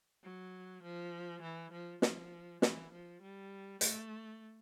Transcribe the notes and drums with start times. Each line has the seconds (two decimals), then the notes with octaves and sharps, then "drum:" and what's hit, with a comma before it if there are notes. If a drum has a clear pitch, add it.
0.24 F#3
0.83 F3
1.42 E3
1.72 F3
2.02 F3, drum: snare
2.62 E3, drum: snare
2.92 F3
3.22 G3
3.81 A3, drum: hi-hat